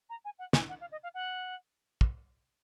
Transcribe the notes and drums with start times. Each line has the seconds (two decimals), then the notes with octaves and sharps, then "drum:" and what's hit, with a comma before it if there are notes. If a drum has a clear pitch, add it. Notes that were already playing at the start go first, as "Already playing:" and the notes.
0.09 A#5
0.24 G#5
0.38 F#5
0.53 G#5, drum: snare
0.69 F#5
0.80 F5
0.91 D#5
1.03 F5
1.14 F#5
2.01 drum: kick